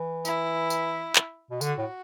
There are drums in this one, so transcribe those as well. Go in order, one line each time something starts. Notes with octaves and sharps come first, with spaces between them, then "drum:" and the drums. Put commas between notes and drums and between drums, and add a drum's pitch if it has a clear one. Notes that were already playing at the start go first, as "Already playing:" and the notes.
Already playing: E3
E4, drum: tambourine
drum: tambourine
drum: clap
B2
D3 F#4, drum: tambourine
A2